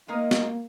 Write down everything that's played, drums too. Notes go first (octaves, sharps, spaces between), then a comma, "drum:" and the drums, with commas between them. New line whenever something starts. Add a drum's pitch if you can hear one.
G#3 A#3 D#4 A#4 D#5
drum: snare